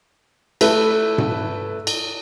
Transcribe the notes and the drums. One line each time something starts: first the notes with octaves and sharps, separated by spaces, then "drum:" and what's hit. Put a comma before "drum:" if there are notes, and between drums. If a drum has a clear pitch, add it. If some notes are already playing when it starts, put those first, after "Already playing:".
A3 E4 B4 E5, drum: cymbal
drum: tom G#2
drum: cymbal